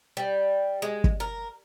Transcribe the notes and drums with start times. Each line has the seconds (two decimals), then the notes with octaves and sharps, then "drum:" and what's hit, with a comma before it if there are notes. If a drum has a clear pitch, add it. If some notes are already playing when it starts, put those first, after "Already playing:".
0.17 G3
0.82 G#3
1.04 drum: kick
1.20 A#4